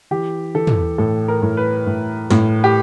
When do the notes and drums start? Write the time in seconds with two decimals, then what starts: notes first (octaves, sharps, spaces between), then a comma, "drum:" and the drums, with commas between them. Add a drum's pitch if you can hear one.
0.11 E3 G4
0.55 E3 A4
0.67 drum: tom
0.98 A2 A4
1.28 A#4
1.42 A2
1.57 B4
1.86 A2
2.30 A2, drum: snare
2.64 G4